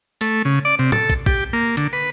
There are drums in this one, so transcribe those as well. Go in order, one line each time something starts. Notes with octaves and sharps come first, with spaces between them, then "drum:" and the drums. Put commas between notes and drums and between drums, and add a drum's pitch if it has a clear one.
A3, drum: open hi-hat
C#3
D5
C3
A4, drum: tom A2
drum: kick, hi-hat
G4, drum: kick
A#3
D3, drum: hi-hat
B4